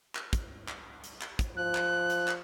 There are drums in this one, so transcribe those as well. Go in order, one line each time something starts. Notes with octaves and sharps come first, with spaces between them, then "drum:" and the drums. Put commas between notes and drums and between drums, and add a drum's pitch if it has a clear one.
drum: clap
drum: kick, hi-hat
drum: clap
drum: hi-hat
drum: clap
drum: kick, hi-hat
F3 F#6
drum: clap
drum: hi-hat
drum: clap